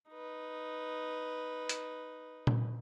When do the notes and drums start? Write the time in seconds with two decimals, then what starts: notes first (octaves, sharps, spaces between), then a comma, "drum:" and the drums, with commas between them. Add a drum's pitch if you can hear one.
0.10 D#4 B4
1.69 drum: hi-hat
2.47 drum: tom A#2